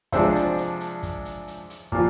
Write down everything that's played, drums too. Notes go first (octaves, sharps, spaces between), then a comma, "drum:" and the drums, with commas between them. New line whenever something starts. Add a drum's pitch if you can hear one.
C3 F3 G#3 D4 C5, drum: kick, hi-hat
drum: hi-hat
drum: hi-hat
drum: hi-hat
drum: kick, hi-hat
drum: hi-hat
drum: hi-hat
drum: hi-hat
A#2 F3, drum: kick